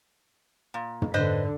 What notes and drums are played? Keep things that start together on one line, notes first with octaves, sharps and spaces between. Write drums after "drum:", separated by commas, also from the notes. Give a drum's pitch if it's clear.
A#2
drum: tom
G#2 D3 B4 C5 D#5